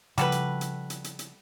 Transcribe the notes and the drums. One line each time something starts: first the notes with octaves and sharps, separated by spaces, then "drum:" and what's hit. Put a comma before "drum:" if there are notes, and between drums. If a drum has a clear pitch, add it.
C#3 F3 G3 F#4 A4 B4, drum: hi-hat
drum: hi-hat
drum: hi-hat
drum: hi-hat
drum: hi-hat
drum: hi-hat